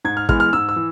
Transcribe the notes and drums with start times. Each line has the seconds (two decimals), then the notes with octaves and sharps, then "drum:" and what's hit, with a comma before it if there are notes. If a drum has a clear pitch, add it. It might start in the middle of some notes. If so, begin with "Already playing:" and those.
0.04 G#2 G#6
0.17 F6
0.29 E3 G#3 B3 F6, drum: kick
0.40 F6
0.53 G#2 E6
0.69 E6
0.76 E3